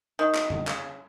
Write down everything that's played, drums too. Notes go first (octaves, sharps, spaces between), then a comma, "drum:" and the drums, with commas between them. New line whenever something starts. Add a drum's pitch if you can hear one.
D#3
drum: clap
drum: tom
C#3, drum: clap